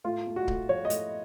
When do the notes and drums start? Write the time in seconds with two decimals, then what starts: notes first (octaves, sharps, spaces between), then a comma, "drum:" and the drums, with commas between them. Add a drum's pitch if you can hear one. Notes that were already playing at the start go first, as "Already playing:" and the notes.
0.04 A2 F4
0.26 A3
0.36 F#4
0.48 A2, drum: kick C#1
0.69 F3 C#5
0.85 D#5
0.90 A2, drum: hi-hat